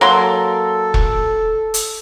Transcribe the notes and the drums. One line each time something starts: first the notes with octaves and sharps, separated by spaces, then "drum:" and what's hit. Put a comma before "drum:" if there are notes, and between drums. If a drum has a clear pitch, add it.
F#3 A#3 A4 C6
drum: kick E1
drum: hi-hat